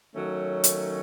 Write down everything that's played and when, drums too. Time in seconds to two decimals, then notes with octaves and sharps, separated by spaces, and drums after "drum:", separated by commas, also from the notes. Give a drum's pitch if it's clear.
0.14 D#3 F#3 A3 C#4
0.64 drum: hi-hat